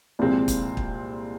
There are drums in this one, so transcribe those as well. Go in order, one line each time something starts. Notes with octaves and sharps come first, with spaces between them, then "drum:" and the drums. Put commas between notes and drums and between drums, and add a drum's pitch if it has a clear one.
C2 A#2 F3 G#3 C4
drum: kick, hi-hat
drum: kick